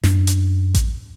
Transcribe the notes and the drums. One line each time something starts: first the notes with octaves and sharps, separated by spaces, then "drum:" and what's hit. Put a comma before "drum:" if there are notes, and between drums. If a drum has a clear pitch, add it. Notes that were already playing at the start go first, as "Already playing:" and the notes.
F#2 D4, drum: snare
drum: hi-hat
drum: kick A1, hi-hat